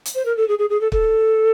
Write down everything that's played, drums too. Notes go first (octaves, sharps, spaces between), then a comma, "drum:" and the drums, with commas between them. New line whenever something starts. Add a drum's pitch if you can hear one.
drum: hi-hat
C5
A#4
A4
G#4
G#4
G#4
A4
A4, drum: kick